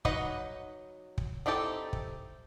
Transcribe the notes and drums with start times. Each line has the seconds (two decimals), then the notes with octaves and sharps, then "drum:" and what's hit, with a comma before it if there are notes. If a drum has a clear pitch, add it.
0.05 F#3 D#4 B4 D#5 F#5, drum: kick
1.18 drum: kick
1.46 C4 D#4 E4 G4 A4
1.93 drum: kick